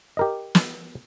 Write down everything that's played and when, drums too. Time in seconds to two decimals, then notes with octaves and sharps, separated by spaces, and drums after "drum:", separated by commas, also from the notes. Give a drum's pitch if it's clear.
0.17 G4 A#4 D#5
0.55 drum: snare